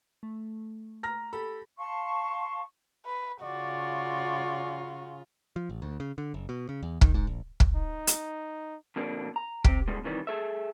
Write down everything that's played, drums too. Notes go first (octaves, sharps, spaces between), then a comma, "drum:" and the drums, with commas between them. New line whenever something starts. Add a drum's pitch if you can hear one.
A3
A#5 F6 A#6
G4 A4 B5
F5 A5 C6 C#6
B4
C#3 F4 F#4 D5
F3
A1
D2
C#3
D3
F#1
B2
C#3
E2
D#3, drum: kick
G#2
A#1
drum: kick
D#4
drum: hi-hat
F2 B2 D3 A#3 C#4 D4
A#5
C4 G4, drum: kick
B2 D3 G3 G#3
C3 D#3 E3 G3
G#4 A4 E5